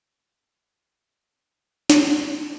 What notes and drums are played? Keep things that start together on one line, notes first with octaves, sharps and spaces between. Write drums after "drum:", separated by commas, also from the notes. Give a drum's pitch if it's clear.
C4 G4, drum: snare